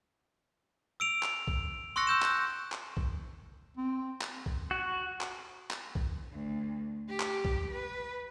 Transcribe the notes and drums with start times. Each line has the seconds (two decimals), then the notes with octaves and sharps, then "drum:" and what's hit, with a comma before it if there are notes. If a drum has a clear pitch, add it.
1.00 E6 D7 F7
1.23 drum: clap
1.48 drum: kick B1
1.96 C6 C#6 E6 F#6 A#6 C#7
2.07 E6 G6 E7
2.22 drum: clap
2.72 drum: clap
2.97 drum: kick B1
3.77 C4
4.21 drum: clap
4.46 drum: kick B1
4.71 F#4
5.21 drum: clap
5.70 drum: clap
5.95 drum: kick B1
6.32 D2
7.09 G4
7.20 drum: clap
7.45 drum: kick B1
7.71 B4